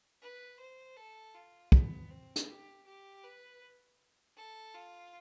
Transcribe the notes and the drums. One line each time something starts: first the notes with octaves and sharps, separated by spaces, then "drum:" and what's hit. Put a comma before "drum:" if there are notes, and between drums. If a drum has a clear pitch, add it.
B4
C5
A4
F4
B3, drum: kick
C4
drum: hi-hat
G4
G4
B4
A4
F4